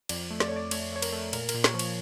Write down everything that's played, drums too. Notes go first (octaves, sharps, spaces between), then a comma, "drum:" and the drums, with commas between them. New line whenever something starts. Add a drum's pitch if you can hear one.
F2 D5, drum: cymbal
A3
D5, drum: snare
C#5
A3 D5
A3 C#5, drum: cymbal
A3 C#5
A#4, drum: cymbal
A3
A#2 A#4, drum: cymbal
A#4, drum: cymbal
A#2
C#5, drum: snare
F3
C#5, drum: cymbal